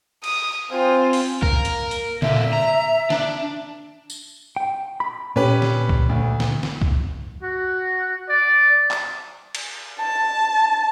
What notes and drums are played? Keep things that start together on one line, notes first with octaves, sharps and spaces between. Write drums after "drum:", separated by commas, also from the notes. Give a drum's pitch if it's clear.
D#6, drum: cymbal
C4 F4 C5 G#5
drum: open hi-hat
A#3 A#4, drum: kick C2
drum: hi-hat
drum: hi-hat
A#2 D3 E5, drum: tom
A#5
D4, drum: snare
drum: tambourine
G5
B5
A#2 C#4 G4 B4
drum: snare
drum: kick C2
D2
drum: snare
drum: snare
drum: kick C2
F#4
D5
drum: clap
drum: cymbal
A5